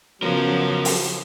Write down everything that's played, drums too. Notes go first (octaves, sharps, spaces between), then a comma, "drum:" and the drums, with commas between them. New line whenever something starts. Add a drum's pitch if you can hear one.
C#3 F3 F#3 B3 C#4 A#4
drum: open hi-hat